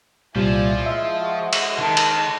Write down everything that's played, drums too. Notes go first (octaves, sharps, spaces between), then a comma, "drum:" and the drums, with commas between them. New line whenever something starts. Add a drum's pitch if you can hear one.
C2 A#2 F3 G3 E4 D5 G#5
G#3 E5
F#4
drum: cymbal
D#3 A5
drum: cymbal